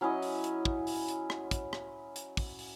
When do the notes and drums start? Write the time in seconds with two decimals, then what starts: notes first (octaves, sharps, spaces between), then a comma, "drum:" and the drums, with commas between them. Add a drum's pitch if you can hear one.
0.01 F#3 C#4 E4 D#5
0.22 drum: open hi-hat
0.44 drum: hi-hat
0.65 drum: kick
0.87 drum: open hi-hat
1.08 drum: hi-hat
1.30 drum: rim click
1.51 drum: kick, hi-hat
1.73 drum: rim click
2.16 drum: hi-hat
2.37 drum: kick, open hi-hat
2.59 drum: open hi-hat